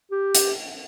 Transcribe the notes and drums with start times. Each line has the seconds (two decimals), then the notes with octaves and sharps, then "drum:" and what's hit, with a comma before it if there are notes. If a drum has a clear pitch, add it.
0.11 G4
0.35 drum: hi-hat